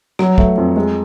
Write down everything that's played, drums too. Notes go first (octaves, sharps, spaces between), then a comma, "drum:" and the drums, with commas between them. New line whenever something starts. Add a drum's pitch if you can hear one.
F#3, drum: rim click
A3, drum: kick
F2
G#3